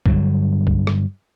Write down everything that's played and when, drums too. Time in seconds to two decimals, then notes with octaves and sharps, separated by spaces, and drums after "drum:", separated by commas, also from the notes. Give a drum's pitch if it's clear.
0.06 G2 D3 F#3, drum: kick
0.67 drum: kick
0.87 drum: rim click